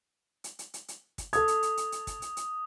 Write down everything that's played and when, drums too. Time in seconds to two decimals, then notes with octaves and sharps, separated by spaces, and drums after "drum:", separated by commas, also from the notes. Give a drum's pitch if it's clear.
0.44 drum: hi-hat
0.59 drum: hi-hat
0.74 drum: hi-hat
0.88 drum: hi-hat
1.18 drum: kick, hi-hat
1.33 A4 D#6 G#6, drum: hi-hat
1.48 drum: hi-hat
1.63 drum: hi-hat
1.77 drum: hi-hat
1.92 drum: hi-hat
2.07 drum: kick, hi-hat
2.22 drum: hi-hat
2.37 drum: hi-hat